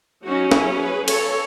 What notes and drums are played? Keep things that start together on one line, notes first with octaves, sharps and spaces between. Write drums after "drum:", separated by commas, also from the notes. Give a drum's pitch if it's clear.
F#3 C#4 D#4 F#4
E4 G#4, drum: snare
G#4 B4
A4 C#5, drum: cymbal